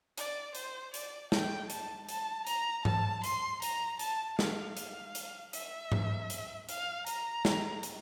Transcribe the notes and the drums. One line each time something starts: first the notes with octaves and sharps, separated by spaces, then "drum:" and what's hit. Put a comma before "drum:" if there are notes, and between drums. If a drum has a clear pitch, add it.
D5, drum: hi-hat
C5, drum: hi-hat
D5, drum: hi-hat
G5, drum: snare
A5, drum: hi-hat
A5, drum: hi-hat
A#5, drum: hi-hat
A5, drum: tom G#2
C6, drum: hi-hat
A#5, drum: hi-hat
A5, drum: hi-hat
F5, drum: snare
drum: hi-hat
drum: hi-hat
E5, drum: hi-hat
drum: tom G#2
drum: hi-hat
F5, drum: hi-hat
A#5, drum: hi-hat
drum: snare
drum: hi-hat